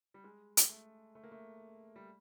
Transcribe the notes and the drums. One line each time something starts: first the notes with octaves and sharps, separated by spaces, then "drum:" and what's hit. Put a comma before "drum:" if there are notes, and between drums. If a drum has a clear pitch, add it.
G3
G#3
drum: hi-hat
A3
A3
A#3
A3
G3